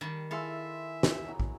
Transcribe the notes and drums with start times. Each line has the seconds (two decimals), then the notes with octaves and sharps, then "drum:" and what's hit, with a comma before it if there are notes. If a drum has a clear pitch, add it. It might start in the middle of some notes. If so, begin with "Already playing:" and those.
0.01 D#3 G3 A5
0.31 E4 G#4 A4 E5 F5 C6
1.03 drum: snare
1.26 F#3 A#5 E6
1.40 drum: kick